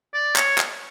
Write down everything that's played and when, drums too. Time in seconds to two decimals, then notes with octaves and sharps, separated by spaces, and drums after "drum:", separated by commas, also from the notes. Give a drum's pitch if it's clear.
0.14 D5
0.36 C#5, drum: clap
0.58 drum: clap